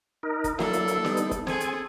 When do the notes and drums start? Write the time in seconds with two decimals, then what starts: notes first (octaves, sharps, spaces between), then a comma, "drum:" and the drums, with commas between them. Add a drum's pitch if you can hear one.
0.23 D#4 A#4
0.44 drum: kick F#1, hi-hat
0.59 F#3 A#3 D4 E4 A4, drum: snare
0.73 drum: hi-hat
0.88 drum: hi-hat
1.04 G3 B3 D#4, drum: snare
1.17 drum: hi-hat
1.31 drum: kick F#1, hi-hat
1.47 C4 G#4 A4 G#5, drum: snare
1.60 drum: hi-hat